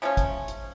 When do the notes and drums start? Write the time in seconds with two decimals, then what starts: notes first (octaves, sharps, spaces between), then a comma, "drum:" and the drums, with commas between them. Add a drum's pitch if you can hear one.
0.02 C#3 F3 A3 C#4
0.17 drum: kick, hi-hat
0.48 drum: hi-hat